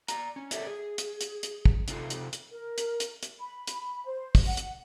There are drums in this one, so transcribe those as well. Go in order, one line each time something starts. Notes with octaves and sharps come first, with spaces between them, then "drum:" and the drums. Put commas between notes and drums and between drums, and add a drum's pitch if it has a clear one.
D5 A#5, drum: hi-hat
C#4
A4 A#4 C#5 D5 E5, drum: hi-hat
G#4
drum: hi-hat
drum: hi-hat
drum: hi-hat
drum: kick
C3 D#4 F4 A4 C5, drum: hi-hat
drum: hi-hat
drum: hi-hat
A#4
drum: hi-hat
drum: hi-hat
drum: hi-hat
B5
drum: hi-hat
C5
drum: kick, open hi-hat
F#5
drum: hi-hat